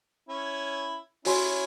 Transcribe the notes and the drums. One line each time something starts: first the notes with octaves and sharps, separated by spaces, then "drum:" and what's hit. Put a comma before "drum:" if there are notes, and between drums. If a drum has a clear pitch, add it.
C#4 E4
C#4 E4 F#4 C#5 G#5 C6, drum: open hi-hat